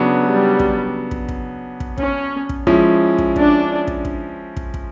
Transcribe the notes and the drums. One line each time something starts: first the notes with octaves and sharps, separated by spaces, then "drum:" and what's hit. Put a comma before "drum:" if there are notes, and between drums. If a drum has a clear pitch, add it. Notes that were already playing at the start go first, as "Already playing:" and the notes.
Already playing: C#3 F#3 B3 D4 F#4
G3
drum: kick
drum: kick
drum: kick
drum: kick
C#4, drum: kick
drum: kick
F3 G#3 C#4 E4, drum: kick
drum: kick
D4, drum: kick
drum: kick
drum: kick
drum: kick
drum: kick